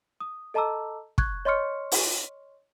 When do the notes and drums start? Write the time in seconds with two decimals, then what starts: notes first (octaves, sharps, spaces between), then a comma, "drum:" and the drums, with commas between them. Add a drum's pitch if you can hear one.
0.20 D#6
0.54 A4 D#5 A5 A#5 D6 E6
1.18 C#6 F#6 G#6, drum: kick
1.45 C#5 D#5 C6 C#6 F6 C#7
1.92 drum: open hi-hat